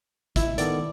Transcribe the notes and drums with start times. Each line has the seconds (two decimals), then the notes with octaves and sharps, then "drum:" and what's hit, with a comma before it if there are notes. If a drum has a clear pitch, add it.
0.36 E4, drum: kick, hi-hat
0.58 D#3 B3 A4 D5, drum: hi-hat